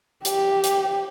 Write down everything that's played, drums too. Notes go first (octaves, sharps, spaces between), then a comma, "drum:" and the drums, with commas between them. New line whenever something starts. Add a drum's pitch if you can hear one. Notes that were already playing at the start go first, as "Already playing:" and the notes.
G4, drum: hi-hat
drum: hi-hat